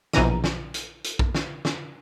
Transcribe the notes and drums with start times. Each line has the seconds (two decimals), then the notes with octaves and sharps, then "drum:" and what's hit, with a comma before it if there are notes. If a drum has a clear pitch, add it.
0.13 A#1 B2 E3 A#5 D#7, drum: snare
0.44 drum: snare
0.74 drum: hi-hat
1.04 drum: hi-hat
1.19 drum: kick
1.35 drum: snare
1.65 drum: snare